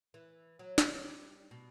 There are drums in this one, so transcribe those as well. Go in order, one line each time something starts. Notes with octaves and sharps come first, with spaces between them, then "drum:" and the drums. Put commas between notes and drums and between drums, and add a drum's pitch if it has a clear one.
E3
F#3
drum: snare
G3
B2